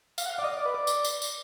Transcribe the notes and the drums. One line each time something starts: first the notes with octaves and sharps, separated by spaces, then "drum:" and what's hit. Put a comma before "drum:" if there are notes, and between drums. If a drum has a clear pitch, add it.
F5, drum: tambourine
F#5
F5
D5
D#5
D5
B4
D5
drum: tambourine
drum: tambourine
drum: tambourine